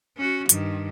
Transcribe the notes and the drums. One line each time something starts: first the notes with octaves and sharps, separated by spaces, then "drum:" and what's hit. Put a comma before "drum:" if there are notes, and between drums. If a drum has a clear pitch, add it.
C#4 F#4
G2 D#3, drum: hi-hat